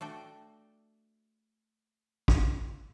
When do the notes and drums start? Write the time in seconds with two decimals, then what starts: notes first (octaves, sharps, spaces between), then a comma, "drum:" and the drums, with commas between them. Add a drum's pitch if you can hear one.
0.01 A3 D4 F#4 G5
2.28 drum: kick A1